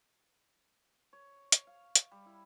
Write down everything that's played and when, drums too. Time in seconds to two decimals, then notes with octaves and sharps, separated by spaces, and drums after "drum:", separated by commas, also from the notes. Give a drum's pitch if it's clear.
1.13 C#5
1.52 C#5, drum: hi-hat
1.67 F5
1.95 drum: hi-hat
2.11 G3
2.26 E4